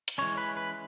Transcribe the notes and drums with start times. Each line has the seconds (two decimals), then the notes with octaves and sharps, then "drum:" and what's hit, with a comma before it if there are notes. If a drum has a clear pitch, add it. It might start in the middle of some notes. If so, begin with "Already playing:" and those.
0.08 drum: hi-hat
0.18 E3 G#3 C#4 C#5
0.38 B4
0.57 B4